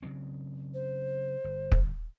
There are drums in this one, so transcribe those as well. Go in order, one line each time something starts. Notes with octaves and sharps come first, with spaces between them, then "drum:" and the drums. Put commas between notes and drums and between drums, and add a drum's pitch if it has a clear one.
C#3 F#3 C4
C5
G1
drum: kick